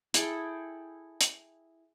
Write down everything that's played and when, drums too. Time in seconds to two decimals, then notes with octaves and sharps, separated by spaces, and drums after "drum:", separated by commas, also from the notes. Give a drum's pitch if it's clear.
0.14 E4 G#4 A4 G5, drum: hi-hat
1.21 drum: hi-hat